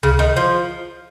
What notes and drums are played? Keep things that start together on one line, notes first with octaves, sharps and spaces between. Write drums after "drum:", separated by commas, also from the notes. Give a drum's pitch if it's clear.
C#3, drum: tom C#2
D#3
F3